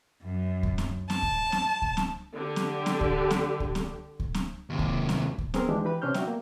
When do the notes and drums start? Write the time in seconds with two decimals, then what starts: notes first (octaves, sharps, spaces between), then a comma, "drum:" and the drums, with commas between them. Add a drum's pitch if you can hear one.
0.22 F#2
0.63 drum: kick C#2
0.78 drum: snare C4
1.10 A5, drum: snare C4
1.23 drum: kick C#2
1.52 drum: snare C4
1.82 drum: kick C#2
1.97 drum: snare C4
2.34 D3 G4
2.56 drum: snare C4
2.86 drum: snare C4
3.01 drum: kick C#2
3.31 drum: snare C4
3.60 drum: kick C#2
3.75 drum: snare C4
4.20 drum: kick C#2
4.34 drum: snare C4
4.70 D#2 C3
4.79 drum: kick C#2
5.09 drum: snare C4
5.38 drum: kick C#2
5.54 B3 C4 G#4 A#4 A#5, drum: snare C4
5.69 D#3 E3 G#3 D4 G4
5.84 E3 G4 B4 B5
6.02 C3 C#4 D4 C5 F6 G6
6.14 F#4 D5 E5 G5, drum: snare C4
6.28 A#3